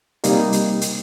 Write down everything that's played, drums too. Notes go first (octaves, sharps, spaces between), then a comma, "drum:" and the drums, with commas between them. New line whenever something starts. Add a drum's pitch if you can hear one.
C3 G3 A#3 D#4, drum: hi-hat
drum: hi-hat
drum: hi-hat